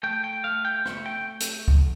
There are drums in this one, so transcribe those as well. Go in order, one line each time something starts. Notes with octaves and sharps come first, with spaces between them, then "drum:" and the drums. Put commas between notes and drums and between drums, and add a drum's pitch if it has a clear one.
A3 G5
G5
A3 F5
G5
A3, drum: rim click
G5
drum: hi-hat
drum: kick